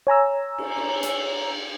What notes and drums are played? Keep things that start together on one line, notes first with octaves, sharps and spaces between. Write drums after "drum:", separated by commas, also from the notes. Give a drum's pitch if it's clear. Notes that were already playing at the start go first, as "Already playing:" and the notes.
C#5 G#5 A#5 E6
drum: cymbal
drum: cymbal
drum: hi-hat